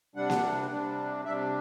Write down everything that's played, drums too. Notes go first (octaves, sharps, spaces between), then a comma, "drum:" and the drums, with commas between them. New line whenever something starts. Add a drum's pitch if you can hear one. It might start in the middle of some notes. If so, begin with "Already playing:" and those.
C3 G3 D4 F#5
drum: snare A#3
C3 G3 D4
C3 G3 D4 E5